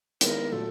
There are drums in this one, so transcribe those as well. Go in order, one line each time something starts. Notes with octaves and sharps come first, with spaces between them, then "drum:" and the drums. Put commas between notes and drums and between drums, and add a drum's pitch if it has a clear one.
D#3 G#3 B3 E4 A#4, drum: hi-hat
A#2 F#3 A3 A4